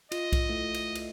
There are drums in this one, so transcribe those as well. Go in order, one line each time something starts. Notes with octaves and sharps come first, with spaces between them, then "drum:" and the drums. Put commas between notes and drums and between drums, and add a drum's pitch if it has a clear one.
F4 D#5, drum: cymbal
drum: kick B1, cymbal
A3 E4
drum: cymbal
drum: cymbal